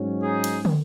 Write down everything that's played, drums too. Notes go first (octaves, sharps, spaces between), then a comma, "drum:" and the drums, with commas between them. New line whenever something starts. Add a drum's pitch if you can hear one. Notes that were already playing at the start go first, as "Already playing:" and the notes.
Already playing: G#2 F#3 C#4
D#4 G#4
drum: cymbal
drum: tom